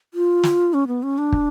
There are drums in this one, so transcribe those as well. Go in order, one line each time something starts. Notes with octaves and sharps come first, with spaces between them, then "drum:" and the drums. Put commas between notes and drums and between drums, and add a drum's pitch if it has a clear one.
F4
drum: snare
C#4
B3
C#4
D4
drum: kick